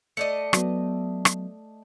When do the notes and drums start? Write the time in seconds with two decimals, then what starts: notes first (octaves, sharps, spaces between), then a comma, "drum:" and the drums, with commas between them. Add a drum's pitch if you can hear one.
0.17 A3 D5 D#5 C#7
0.53 F#3 B3, drum: rim click
1.25 drum: rim click